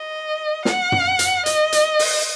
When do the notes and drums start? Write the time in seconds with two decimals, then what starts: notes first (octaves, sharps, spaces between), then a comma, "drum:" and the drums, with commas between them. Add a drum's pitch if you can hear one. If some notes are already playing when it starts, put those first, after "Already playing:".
Already playing: D#5
0.65 F#5, drum: snare
0.92 drum: tom
1.19 drum: hi-hat
1.46 D#5, drum: hi-hat
1.72 drum: hi-hat
1.99 drum: open hi-hat